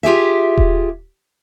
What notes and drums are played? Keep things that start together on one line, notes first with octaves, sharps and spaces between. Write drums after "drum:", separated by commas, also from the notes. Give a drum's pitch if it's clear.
F4 G4 G#4 E5
drum: kick D#1